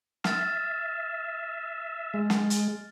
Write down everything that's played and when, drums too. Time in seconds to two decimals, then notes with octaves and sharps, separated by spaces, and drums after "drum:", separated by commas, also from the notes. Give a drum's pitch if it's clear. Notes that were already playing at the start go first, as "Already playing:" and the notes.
0.24 E5 F6 A6, drum: snare
2.14 G#3
2.30 drum: snare
2.50 drum: hi-hat